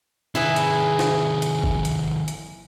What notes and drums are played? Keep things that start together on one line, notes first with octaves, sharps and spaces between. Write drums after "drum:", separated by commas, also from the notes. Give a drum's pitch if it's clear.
C3 D#3 E4 G#4 B4
drum: hi-hat
drum: snare
drum: hi-hat
drum: kick
drum: hi-hat
drum: hi-hat